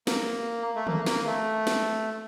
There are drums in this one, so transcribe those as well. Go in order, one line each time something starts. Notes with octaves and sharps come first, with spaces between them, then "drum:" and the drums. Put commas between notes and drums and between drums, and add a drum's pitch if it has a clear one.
A#3, drum: snare
A3
A#3, drum: tom D3
A#3, drum: snare
A3
drum: snare